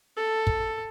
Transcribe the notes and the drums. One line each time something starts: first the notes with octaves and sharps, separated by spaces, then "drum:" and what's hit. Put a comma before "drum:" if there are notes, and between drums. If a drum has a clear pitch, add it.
A4
drum: kick